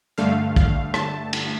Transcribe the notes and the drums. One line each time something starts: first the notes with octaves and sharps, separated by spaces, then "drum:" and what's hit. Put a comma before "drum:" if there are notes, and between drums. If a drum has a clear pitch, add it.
G2 D3 A3 F5
F5, drum: kick
A5, drum: rim click
drum: cymbal